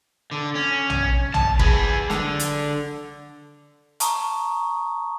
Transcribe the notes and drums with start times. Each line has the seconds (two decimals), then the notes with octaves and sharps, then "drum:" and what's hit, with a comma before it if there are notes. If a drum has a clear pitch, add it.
0.31 D3
0.55 C#4
0.90 drum: tom A#1
1.34 A5, drum: tom A#1
1.59 G#4 B4, drum: kick
2.10 D3, drum: snare
2.40 drum: hi-hat
4.00 A5 A#5 C#6 D#6, drum: hi-hat